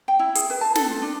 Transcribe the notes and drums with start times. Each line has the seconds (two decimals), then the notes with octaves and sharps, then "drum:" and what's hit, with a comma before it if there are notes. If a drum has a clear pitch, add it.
0.08 G5
0.19 E4
0.35 G#4, drum: hi-hat
0.50 B4
0.61 A5
0.75 A4, drum: snare
0.90 F4
1.02 D4